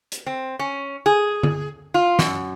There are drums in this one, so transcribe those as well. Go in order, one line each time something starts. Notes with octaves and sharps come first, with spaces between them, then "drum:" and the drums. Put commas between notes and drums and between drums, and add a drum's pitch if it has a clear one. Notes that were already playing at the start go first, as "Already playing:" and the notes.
drum: hi-hat
C4
C#4
G#4
drum: tom D3
F4
F#2, drum: snare